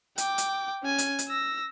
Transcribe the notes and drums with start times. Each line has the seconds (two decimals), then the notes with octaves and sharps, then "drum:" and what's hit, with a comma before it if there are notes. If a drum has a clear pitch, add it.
0.18 G5 D6, drum: hi-hat
0.38 drum: hi-hat
0.84 C#4 G#5
0.98 drum: hi-hat
1.19 drum: hi-hat
1.28 E6 A#6